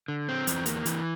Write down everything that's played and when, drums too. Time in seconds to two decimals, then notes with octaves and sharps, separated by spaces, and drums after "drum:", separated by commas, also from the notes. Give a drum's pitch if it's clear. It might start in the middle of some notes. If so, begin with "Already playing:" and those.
0.08 D3
0.29 C4
0.47 E2, drum: hi-hat
0.66 A#3, drum: hi-hat
0.86 E3, drum: hi-hat